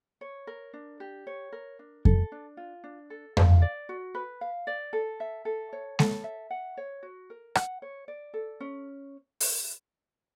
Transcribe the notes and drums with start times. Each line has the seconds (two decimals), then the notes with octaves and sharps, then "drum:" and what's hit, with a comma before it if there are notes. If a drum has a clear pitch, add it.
0.21 C#5
0.47 A#4
0.74 D4
1.00 G4
1.27 C#5
1.53 A#4
1.79 D4
2.05 A4, drum: kick F2
2.32 D4
2.57 F4
2.84 D4
3.10 A4
3.37 F5, drum: tom F2
3.62 D5
3.89 F#4
4.15 B4
4.41 F5
4.67 D5
4.93 A4
5.20 E5
5.45 A4
5.73 C#5
5.99 A4, drum: snare G#3
6.24 E5
6.50 F#5
6.77 C#5
7.03 F#4
7.30 A#4
7.55 F#5, drum: rim click
7.82 C#5
8.08 D5
8.34 A4
8.60 C#4
9.40 drum: open hi-hat